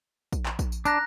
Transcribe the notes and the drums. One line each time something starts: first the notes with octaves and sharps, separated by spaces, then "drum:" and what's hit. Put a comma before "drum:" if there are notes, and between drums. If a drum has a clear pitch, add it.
drum: kick A#1, tambourine
drum: clap
drum: kick A#1, tambourine
drum: tambourine
D4 A#5 F#6 A#6, drum: tambourine